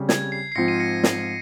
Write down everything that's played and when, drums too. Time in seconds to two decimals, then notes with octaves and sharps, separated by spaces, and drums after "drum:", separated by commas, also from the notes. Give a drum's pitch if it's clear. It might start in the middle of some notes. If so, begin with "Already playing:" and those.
Already playing: C#3 G3 C4 G4
0.09 G#6, drum: snare
0.32 C7
0.52 C7
0.55 G#2 F3 C4 F4 A#6 C#7
0.68 C7 D#7
0.80 A#6 C#7
1.03 drum: snare